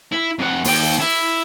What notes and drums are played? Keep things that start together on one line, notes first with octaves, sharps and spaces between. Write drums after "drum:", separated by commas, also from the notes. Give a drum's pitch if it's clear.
E4
F2 F#5
D#2 G5, drum: open hi-hat
E4